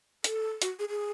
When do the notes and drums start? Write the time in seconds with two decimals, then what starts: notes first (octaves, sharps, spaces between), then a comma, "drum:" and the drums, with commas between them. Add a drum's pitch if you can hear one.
0.24 A4, drum: hi-hat
0.62 F#4, drum: hi-hat
0.79 G#4
0.89 G#4